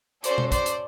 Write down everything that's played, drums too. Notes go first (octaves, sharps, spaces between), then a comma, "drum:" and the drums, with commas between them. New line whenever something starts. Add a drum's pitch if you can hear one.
C#4 F#4 A4 C5 D5, drum: hi-hat
drum: tom B2
C5 D5, drum: kick, hi-hat
drum: hi-hat